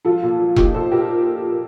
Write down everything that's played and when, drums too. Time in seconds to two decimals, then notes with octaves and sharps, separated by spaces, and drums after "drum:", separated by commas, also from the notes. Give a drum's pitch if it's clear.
0.05 F3 F4 A4
0.22 A#2
0.39 F3
0.57 A#2 D#4 G4, drum: kick E1
0.74 A#2 A4 C5
0.91 A#2 G4 A#4